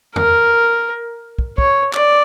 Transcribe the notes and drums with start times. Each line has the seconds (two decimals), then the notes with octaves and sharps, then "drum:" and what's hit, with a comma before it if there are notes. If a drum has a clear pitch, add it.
0.16 A#4, drum: tom E2
1.39 drum: kick
1.58 C#5, drum: kick
1.93 D5, drum: clap